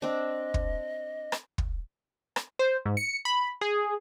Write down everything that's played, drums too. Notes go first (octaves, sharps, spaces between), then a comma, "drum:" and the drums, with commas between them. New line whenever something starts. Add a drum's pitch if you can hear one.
C4 D4 D#5
drum: kick
drum: rim click
drum: kick
drum: rim click
C5
G#2
C#7
B5
G#4